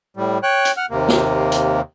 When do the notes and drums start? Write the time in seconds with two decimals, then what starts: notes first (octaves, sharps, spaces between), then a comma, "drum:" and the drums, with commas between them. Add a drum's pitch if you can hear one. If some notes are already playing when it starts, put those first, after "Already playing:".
0.17 A2 G3
0.43 C#5 G5 F#6
0.65 drum: hi-hat
0.77 F#5 F6
0.91 D#2 C3 A#3
1.08 drum: snare
1.52 drum: hi-hat